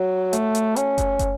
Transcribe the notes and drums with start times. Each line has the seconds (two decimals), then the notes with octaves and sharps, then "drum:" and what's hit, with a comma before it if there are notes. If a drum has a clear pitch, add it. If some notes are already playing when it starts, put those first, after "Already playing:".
Already playing: F#3
0.33 A3, drum: hi-hat
0.55 drum: hi-hat
0.76 C#4, drum: hi-hat
0.98 drum: kick, hi-hat
1.19 drum: kick, hi-hat